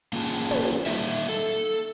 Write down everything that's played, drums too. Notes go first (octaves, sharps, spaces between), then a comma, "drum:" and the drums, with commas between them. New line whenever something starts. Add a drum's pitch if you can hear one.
A#3 C#4 F4 G#4 D#5 A5
drum: tom
G3 A#3 D#4 E5, drum: snare
A4